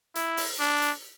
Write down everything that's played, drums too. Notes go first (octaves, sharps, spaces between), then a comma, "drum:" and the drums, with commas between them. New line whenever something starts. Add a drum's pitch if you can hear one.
E4, drum: hi-hat
drum: open hi-hat
D4
drum: hi-hat